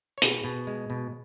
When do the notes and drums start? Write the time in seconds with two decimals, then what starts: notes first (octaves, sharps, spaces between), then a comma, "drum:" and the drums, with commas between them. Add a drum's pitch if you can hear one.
0.18 C#5
0.22 B2 G#4 B4, drum: hi-hat
0.44 B2
0.67 G#3
0.90 B2